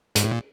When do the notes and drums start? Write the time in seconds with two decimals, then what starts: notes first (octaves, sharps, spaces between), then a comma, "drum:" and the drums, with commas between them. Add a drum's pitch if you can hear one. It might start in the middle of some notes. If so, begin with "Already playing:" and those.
0.15 G#2, drum: hi-hat
0.24 A2
0.31 A#2